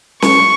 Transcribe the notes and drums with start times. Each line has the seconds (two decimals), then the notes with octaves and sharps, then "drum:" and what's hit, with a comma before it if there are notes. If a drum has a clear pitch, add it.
0.22 C#6, drum: snare